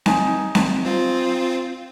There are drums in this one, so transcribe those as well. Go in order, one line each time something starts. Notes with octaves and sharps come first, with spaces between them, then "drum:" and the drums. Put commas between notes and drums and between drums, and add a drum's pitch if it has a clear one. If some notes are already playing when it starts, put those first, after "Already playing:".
D#4 G#5, drum: snare C4
drum: snare C4
C4 F4